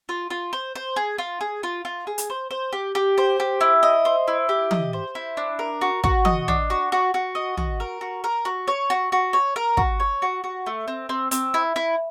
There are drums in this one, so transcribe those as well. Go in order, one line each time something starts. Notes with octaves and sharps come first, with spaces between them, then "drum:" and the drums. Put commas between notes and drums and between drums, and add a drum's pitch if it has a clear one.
F4
F4
C5
C5
G#4
F4
G#4
F4
F4
G#4
drum: hi-hat
C5
C5
G4
G4
C5
G4
E4
D#5
C5
E4
G4
D#5, drum: tom E3
C5
E4
D4
A#4
F#4
F#4, drum: kick
D#5, drum: tom E3
D4, drum: tom
F#4
F#4
F#4
D#5
F#4, drum: tom
A#4
F#4
A#4
F#4
C#5
F#4
F#4
C#5
A#4
F#4, drum: kick
C#5
F#4
F#4
A3
C4
C4
C4, drum: hi-hat
E4
E4